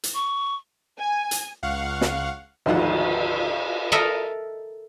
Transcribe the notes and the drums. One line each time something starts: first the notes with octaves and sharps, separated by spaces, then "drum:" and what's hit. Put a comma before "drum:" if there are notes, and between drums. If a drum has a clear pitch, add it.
drum: hi-hat
C#6
G#5
drum: hi-hat
C#2 F5 F#5 C#6
drum: snare
D2 G#2 D#3 F3 F4 F#5, drum: cymbal
A4 A#4 D#5 E5 A#5